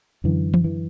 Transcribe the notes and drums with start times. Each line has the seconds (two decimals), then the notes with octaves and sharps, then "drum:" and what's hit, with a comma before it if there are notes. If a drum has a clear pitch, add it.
0.24 F#2 D3 E3
0.54 drum: tom E3
0.64 E3